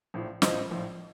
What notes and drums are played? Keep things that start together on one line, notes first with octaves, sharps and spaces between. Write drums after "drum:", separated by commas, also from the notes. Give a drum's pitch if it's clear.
A#1 A2 F3
A#1 A2 F3 C5 D#5, drum: snare
A#1 A2 F3